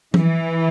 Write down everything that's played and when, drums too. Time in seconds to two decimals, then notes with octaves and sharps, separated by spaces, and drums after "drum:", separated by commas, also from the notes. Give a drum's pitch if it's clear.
0.14 E3, drum: tom F3